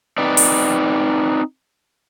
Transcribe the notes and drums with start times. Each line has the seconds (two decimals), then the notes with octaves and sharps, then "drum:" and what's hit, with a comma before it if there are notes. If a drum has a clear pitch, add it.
0.18 C4 D#4 B4 D5
0.37 drum: open hi-hat